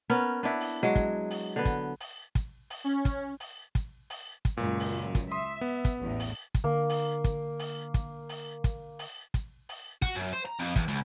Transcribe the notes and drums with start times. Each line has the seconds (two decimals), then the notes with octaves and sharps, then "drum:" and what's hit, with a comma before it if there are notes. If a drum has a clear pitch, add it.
0.10 B3 C#4 A#4
0.43 B3 D4 E4
0.61 drum: open hi-hat
0.83 F#3 G#3 F#4
0.96 drum: kick, hi-hat
1.30 drum: open hi-hat
1.56 D3 B3
1.65 drum: kick, hi-hat
2.00 drum: open hi-hat
2.35 drum: kick, hi-hat
2.70 drum: open hi-hat
2.84 C#4
3.05 drum: kick, hi-hat
3.40 drum: open hi-hat
3.75 drum: kick, hi-hat
4.10 drum: open hi-hat
4.45 drum: kick, hi-hat
4.57 C#2 F#2 A#2
4.80 drum: open hi-hat
5.15 drum: kick, hi-hat
5.32 E5 C6 D#6
5.61 B3
5.85 drum: kick, hi-hat
6.00 A1 E2 A2
6.20 drum: open hi-hat
6.55 drum: kick, hi-hat
6.64 D3 A#3
6.89 drum: open hi-hat
7.24 drum: kick, hi-hat
7.59 drum: open hi-hat
7.94 drum: kick, hi-hat
8.29 drum: open hi-hat
8.64 drum: kick, hi-hat
8.99 drum: open hi-hat
9.34 drum: kick, hi-hat
9.69 drum: open hi-hat
10.02 F#4, drum: kick, hi-hat
10.15 F#2
10.33 C5
10.46 A#5
10.60 F2
10.76 E2, drum: kick, hi-hat
10.88 C#2